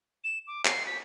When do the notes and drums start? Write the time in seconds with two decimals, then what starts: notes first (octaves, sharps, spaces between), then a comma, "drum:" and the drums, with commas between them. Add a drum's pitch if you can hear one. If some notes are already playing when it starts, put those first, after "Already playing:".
0.24 E7
0.47 D6
0.65 C7, drum: clap
0.86 B6